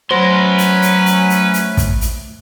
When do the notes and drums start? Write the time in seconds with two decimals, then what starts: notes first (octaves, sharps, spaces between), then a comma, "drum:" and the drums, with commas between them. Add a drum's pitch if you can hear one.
0.11 F#3 A3 C#4 B4 C5 C6
0.58 drum: hi-hat
0.82 drum: hi-hat
1.06 drum: hi-hat
1.30 drum: hi-hat
1.54 drum: hi-hat
1.77 drum: kick, hi-hat
2.01 drum: hi-hat